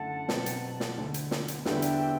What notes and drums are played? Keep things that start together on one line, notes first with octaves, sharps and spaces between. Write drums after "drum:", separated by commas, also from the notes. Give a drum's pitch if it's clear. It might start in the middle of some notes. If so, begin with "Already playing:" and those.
Already playing: F#2 D3 A3 E4 F#5 A5
B2 F#3 C4 G4 B4, drum: snare
drum: hi-hat
drum: snare
D2 D3 A3
drum: hi-hat
drum: snare
drum: hi-hat
E2 D3 G3 B3 D4 E5 G5, drum: snare
drum: hi-hat